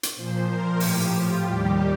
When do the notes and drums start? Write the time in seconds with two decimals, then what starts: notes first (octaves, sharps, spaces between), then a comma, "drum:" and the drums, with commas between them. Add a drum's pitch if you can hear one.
0.03 drum: hi-hat
0.16 A#2 F3 C5
0.48 A#4
0.80 A2 F3 G4, drum: open hi-hat
1.13 F4
1.44 D#2 D#3 G3 G4